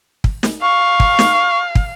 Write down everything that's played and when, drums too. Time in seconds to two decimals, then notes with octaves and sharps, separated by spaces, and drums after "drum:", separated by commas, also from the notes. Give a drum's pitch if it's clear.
0.24 drum: kick
0.43 drum: snare
0.62 F5 C#6
1.00 drum: kick
1.19 drum: snare
1.75 drum: kick